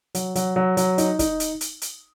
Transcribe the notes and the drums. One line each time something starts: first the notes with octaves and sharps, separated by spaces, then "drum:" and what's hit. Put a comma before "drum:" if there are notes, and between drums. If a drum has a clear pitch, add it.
F#3, drum: hi-hat
F#3, drum: hi-hat
F#3
F#3, drum: hi-hat
D#4, drum: hi-hat
D#4, drum: kick, hi-hat
drum: hi-hat
drum: hi-hat
drum: hi-hat